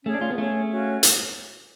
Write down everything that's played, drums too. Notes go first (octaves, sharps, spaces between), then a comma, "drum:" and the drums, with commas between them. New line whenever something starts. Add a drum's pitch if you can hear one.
A3 C#4 G#4 C#5
D4
F4
B3
A3 C#4 G#4 C#5
C#4 F#4 C#5 F5
drum: hi-hat